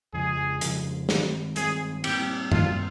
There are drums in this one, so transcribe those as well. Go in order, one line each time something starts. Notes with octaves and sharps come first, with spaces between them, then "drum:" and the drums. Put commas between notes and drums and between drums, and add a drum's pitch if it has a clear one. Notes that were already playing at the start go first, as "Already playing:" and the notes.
F2 C#3 F3 G#3 G#4
F2 C#3 F3 G#3, drum: hi-hat
G2 D#3 G#3 C4, drum: snare
G2 D#3 G#3 C4 G#4, drum: hi-hat
A#2 G3 C4 G4, drum: cymbal
A#2 G3 C4 F4, drum: tom F#2